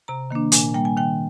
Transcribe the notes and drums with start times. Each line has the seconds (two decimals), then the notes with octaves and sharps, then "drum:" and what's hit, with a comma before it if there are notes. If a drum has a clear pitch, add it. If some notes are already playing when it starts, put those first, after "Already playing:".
0.08 C3 A#5
0.30 D#3 A#3 D4
0.52 A#2 G#5, drum: hi-hat
0.74 G3 A#3 G5
0.85 G#5
0.97 D#3 G5